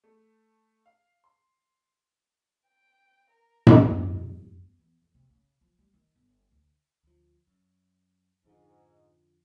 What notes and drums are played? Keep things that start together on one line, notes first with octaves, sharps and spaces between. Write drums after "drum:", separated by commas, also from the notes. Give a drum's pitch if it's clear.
A3
F5
C6
G5
A#4
drum: tom F#2
E2
E2
F2
C3
C#3
F3
G3
D#3
G1
D2
D2 F3
F#2
F2 G#2 D3 F3